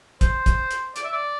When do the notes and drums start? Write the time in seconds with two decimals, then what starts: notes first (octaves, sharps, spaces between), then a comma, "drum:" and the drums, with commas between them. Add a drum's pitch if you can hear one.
0.21 C5, drum: kick, hi-hat
0.46 drum: kick, hi-hat
0.71 drum: hi-hat
0.96 D5, drum: hi-hat
1.05 E5
1.12 D5